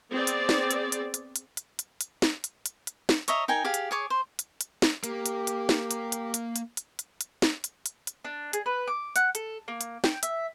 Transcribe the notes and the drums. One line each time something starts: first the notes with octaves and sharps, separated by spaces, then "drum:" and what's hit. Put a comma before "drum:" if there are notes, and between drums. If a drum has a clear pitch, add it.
B3 C4 G#4 D5
drum: hi-hat
drum: snare
drum: hi-hat
drum: hi-hat
drum: hi-hat
drum: hi-hat
drum: hi-hat
drum: hi-hat
drum: hi-hat
drum: snare
drum: hi-hat
drum: hi-hat
drum: hi-hat
drum: snare
C#5 D#5 E5 A#5, drum: hi-hat
D#4 A#4 G5 G#5
G4 G#4 F5
drum: hi-hat
G#4 C#5 D6
C5
drum: hi-hat
drum: hi-hat
drum: snare
A#3 G4, drum: hi-hat
drum: hi-hat
drum: hi-hat
drum: snare
drum: hi-hat
drum: hi-hat
drum: hi-hat
drum: hi-hat
drum: hi-hat
drum: hi-hat
drum: hi-hat
drum: snare
drum: hi-hat
drum: hi-hat
drum: hi-hat
D4
G#4, drum: hi-hat
B4
D6
F#5, drum: hi-hat
A4, drum: hi-hat
A#3
drum: hi-hat
G5, drum: snare
E5, drum: hi-hat